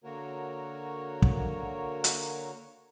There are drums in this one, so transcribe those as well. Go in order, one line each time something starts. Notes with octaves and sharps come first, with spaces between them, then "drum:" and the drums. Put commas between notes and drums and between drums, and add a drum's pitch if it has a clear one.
D3 A#3 F#4 A#4 C#5
drum: kick
drum: hi-hat